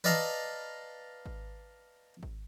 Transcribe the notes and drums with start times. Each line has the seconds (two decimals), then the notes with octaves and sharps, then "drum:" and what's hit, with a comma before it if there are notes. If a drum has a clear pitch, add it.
0.04 B4 D5 D#5 F5 A5 A#5
1.26 drum: kick G#1
2.23 drum: kick G#1